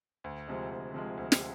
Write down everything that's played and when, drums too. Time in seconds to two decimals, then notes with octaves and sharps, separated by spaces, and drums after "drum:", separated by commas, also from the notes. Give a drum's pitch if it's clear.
0.24 D2
0.48 C3 F3 G#3
0.70 D2
0.94 C3 F3 G#3
1.17 D2
1.32 drum: snare